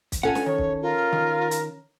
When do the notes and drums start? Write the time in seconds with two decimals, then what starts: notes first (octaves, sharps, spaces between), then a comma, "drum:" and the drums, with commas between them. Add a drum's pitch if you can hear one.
0.12 drum: kick, hi-hat
0.23 C#4 F4 A4 F#5 G#5
0.35 drum: snare
0.46 D#3 C#5
0.58 drum: kick
0.82 F4 A#4
1.13 D#3
1.51 drum: hi-hat